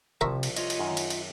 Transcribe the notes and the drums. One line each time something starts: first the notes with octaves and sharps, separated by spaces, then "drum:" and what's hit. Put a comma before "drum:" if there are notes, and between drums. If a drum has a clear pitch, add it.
C2 C3 F3 A#4 E5 C#6
drum: cymbal
F4 C#5 D#5, drum: cymbal
drum: cymbal
F#2 D#3
drum: cymbal
drum: cymbal